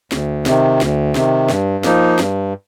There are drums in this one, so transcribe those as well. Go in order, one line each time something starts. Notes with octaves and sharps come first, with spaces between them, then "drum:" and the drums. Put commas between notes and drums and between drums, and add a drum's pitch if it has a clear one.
D2, drum: snare
C3 D#3, drum: snare
D2, drum: snare
C3 D#3, drum: snare
G2, drum: snare
F3 A#3 D#4, drum: snare
G2, drum: snare